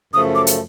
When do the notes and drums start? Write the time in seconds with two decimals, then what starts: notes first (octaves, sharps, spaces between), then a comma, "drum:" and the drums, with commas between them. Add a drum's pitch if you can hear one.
0.14 F#2 C#3 F3 A3 D#6
0.35 D6
0.47 drum: hi-hat